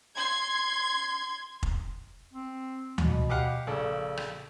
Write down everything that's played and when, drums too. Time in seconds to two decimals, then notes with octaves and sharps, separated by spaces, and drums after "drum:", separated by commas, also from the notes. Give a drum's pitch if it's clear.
0.17 C6 G#6
1.63 drum: kick F1
2.33 C4
2.98 B2, drum: tom D2
3.29 G4 F5 F#5
3.67 A#1 C#3 A4
4.17 drum: rim click